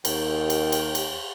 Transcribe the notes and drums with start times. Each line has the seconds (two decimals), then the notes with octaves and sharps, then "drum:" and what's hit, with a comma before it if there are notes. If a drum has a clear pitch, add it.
0.05 D#2 G5, drum: cymbal
0.50 drum: cymbal
0.72 drum: cymbal
0.95 drum: cymbal